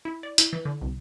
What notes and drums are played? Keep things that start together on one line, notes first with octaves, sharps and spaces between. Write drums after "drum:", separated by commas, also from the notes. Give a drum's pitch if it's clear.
E4
D5
E4, drum: hi-hat
E3
D3
C2